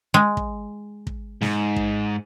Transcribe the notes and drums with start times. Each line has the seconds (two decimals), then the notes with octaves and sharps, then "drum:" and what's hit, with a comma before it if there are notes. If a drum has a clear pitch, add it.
0.14 G#3
0.37 drum: kick
1.07 drum: kick
1.41 G#2, drum: snare
1.76 drum: kick